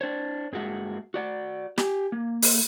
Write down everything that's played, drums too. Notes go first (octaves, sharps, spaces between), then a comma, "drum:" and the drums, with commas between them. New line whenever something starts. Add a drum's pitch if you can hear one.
D4 C5 C#5
G2 G#3 A#3 F#4 G#4 E5
F#4 D5 F#5
G4 G#5, drum: snare
A#3
drum: open hi-hat